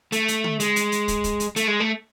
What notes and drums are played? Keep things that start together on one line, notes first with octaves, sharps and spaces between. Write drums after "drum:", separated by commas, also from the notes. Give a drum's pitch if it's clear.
A3, drum: hi-hat
drum: hi-hat
drum: tom D3
G#3, drum: hi-hat
drum: hi-hat
drum: hi-hat
drum: kick, hi-hat
drum: kick, hi-hat
drum: hi-hat
A3, drum: hi-hat
G#3
A3